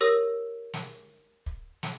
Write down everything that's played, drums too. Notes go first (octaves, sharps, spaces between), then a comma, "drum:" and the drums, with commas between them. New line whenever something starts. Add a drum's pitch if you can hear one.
G4 A#4 C#5 D#6 E6 A#6
drum: snare
drum: kick
drum: snare